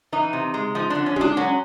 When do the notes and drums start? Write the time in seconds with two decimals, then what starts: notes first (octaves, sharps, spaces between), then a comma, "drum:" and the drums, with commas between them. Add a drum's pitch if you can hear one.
0.12 E3 D#4
0.33 C3
0.54 G#3
0.75 F3 D#4
0.90 D3 D4
1.06 C#4
1.16 G#3 D4, drum: tom
1.37 F#3 C#4